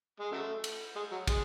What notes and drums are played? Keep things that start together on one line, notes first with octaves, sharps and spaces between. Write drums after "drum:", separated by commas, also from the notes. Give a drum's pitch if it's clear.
G#3
C#3 F#3 A3
drum: cymbal
G#3
F#3
G#3, drum: kick, cymbal